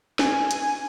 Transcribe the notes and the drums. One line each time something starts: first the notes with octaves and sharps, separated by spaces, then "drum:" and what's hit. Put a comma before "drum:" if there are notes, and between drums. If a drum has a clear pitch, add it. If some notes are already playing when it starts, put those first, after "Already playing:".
G#5, drum: snare
drum: hi-hat